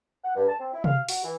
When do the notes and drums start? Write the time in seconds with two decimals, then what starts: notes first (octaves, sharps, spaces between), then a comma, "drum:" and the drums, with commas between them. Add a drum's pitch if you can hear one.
0.24 F#5
0.36 G2
0.48 A5
0.59 C4
0.73 E4
0.84 F5, drum: tom
1.09 F#4, drum: open hi-hat
1.24 E3